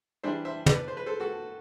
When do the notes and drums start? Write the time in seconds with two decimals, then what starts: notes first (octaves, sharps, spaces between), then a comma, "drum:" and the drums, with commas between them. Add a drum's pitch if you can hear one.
0.23 E3 G3 D4 C5 E5
0.45 C5 E5
0.66 B4 D5, drum: tom
0.88 C5
0.97 B4
1.06 A4 C5
1.20 F#4 A4